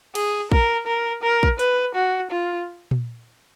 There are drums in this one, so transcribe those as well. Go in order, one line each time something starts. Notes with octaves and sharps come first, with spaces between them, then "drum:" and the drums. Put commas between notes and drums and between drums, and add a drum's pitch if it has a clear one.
G#4, drum: cymbal
A#4, drum: kick
A#4
A#4
drum: kick
B4, drum: hi-hat
F#4
F4
drum: tom A#2